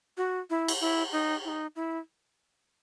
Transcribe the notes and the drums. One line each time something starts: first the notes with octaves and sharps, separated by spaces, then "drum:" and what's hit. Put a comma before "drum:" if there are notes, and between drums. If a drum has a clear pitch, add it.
F#4
E4
drum: cymbal
E4
D#4
E4
D#4
E4